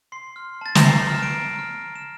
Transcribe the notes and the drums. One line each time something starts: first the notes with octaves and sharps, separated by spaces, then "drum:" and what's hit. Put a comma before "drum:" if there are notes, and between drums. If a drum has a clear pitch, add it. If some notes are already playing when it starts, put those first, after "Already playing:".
C6 C7
F6
A5 A6
A#6, drum: snare
A#5 C7
F6 E7
D7
A#5
F6
A#5
E7